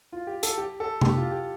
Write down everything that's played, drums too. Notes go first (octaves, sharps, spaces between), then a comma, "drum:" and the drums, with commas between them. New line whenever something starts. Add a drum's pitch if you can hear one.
F4
G4
A4, drum: hi-hat
G4
A4
G4, drum: tom C3
F4
G4